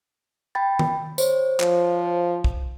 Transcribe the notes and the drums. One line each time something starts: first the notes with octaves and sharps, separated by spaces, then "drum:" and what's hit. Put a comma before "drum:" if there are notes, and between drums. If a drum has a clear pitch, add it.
G5 B5 A6
drum: tom D#3
C5 C#5, drum: tambourine
F3, drum: clap
drum: kick